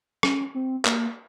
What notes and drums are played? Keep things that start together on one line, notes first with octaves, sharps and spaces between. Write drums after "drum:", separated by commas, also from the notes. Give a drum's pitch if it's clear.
C#4, drum: rim click
C4
A#3, drum: clap